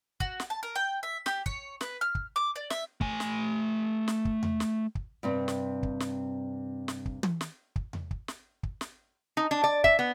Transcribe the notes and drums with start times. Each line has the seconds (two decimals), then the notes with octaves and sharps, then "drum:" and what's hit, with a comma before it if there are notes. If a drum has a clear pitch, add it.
0.20 F#4, drum: kick
0.40 drum: snare
0.50 A5
0.63 A#4
0.75 G5
1.03 E5
1.26 G4, drum: snare
1.46 C#5, drum: kick
1.81 B4, drum: snare
2.01 F6
2.15 drum: kick
2.36 D6
2.56 D5
2.70 E5, drum: snare
3.01 A3 G#5, drum: kick
3.20 drum: snare
4.08 drum: snare
4.25 drum: kick
4.43 drum: tom E2
4.60 drum: snare
4.95 drum: kick
5.23 G2 C3 C4
5.48 drum: snare
5.83 drum: kick
6.00 drum: snare
6.88 drum: snare
7.06 drum: kick
7.23 drum: tom
7.41 drum: snare
7.76 drum: kick
7.93 drum: tom E2
8.11 drum: kick
8.28 drum: snare
8.63 drum: kick
8.81 drum: snare
9.37 D#4
9.51 D4
9.64 D5
9.84 E5, drum: kick
9.99 B3